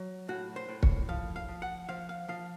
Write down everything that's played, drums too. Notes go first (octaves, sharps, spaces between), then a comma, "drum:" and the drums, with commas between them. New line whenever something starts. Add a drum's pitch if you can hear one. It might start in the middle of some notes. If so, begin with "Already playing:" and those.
Already playing: F#3
A2 F#4
C5
A2
C#5, drum: kick
F3 F5
F5
F3
F#5
F3 F5
F5
F3 F5